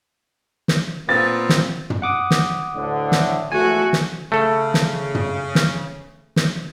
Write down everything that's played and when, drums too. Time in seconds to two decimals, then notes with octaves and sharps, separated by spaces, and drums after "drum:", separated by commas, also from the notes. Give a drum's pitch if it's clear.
0.68 drum: snare
1.09 A#2 B3 C4 A6
1.49 drum: snare
1.90 drum: tom
2.02 F#5 D6 D#6
2.31 drum: snare
2.76 D2 A2 D3
3.12 drum: snare
3.52 E2 F3 A3 F#4 G#5
3.93 drum: snare
4.32 C#3 A3 A4
4.74 drum: snare
5.15 drum: tom
5.55 drum: snare
6.36 drum: snare